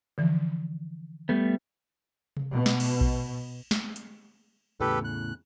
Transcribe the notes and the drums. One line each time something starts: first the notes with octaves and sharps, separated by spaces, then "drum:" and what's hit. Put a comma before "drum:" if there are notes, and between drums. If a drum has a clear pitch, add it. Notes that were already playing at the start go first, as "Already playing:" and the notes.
D3 E3 F3
G3 A3 B3
drum: tom C3
B2
drum: snare
drum: cymbal
drum: kick A#1
drum: snare
drum: hi-hat
E2 A2 C#3 G4 A4 B4
F#6